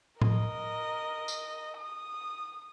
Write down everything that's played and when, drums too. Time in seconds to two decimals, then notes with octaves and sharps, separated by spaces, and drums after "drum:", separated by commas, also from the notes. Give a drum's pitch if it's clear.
0.22 A#4 D#5, drum: tom A2
1.28 drum: tambourine
1.78 D#6